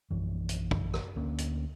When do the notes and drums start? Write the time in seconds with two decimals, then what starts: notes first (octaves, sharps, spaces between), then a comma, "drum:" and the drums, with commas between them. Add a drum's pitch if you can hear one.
0.10 A#1 F#2 E3
0.49 drum: hi-hat
0.71 drum: kick
0.94 drum: rim click
1.16 D2 A#3 C#4
1.38 drum: hi-hat